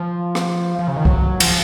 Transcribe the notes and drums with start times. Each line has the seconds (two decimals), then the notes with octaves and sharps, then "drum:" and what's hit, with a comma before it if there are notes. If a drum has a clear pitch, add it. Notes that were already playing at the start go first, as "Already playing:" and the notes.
Already playing: F3
0.35 drum: rim click
0.79 F3
0.88 C#3
0.96 D#3
1.05 F#3, drum: kick
1.40 F3, drum: cymbal